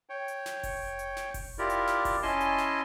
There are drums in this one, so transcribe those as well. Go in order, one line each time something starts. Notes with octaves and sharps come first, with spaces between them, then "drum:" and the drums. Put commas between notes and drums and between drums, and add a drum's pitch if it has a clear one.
C#5 G5
drum: hi-hat
drum: snare
drum: kick F1, open hi-hat
drum: hi-hat
drum: snare
drum: kick F1, open hi-hat
E4 F4 G4 A#4 D5
drum: hi-hat
drum: snare
drum: kick F1, open hi-hat
C#4 E4 D#5 G#5 A5 C6
drum: hi-hat
drum: snare